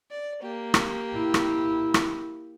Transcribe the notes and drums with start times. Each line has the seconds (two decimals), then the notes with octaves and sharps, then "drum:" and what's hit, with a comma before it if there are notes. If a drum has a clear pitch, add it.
0.11 D5
0.42 A#3 G4
0.74 drum: rim click
1.14 E4
1.34 drum: rim click
1.94 drum: rim click